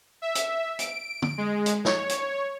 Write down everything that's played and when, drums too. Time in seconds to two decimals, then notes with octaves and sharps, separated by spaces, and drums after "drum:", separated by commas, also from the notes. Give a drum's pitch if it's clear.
0.22 E5
0.35 drum: hi-hat
0.79 D7, drum: hi-hat
1.22 drum: tom
1.38 G#3
1.66 drum: hi-hat
1.85 C#5, drum: snare
2.09 drum: hi-hat